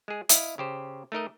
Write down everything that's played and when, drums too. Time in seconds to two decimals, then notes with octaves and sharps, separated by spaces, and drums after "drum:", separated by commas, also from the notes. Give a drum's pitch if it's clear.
0.08 G#3 G#4
0.29 E4 D#5 F5, drum: hi-hat
0.58 C#3 G4 C5
1.12 A3 D#4 A#4 D#5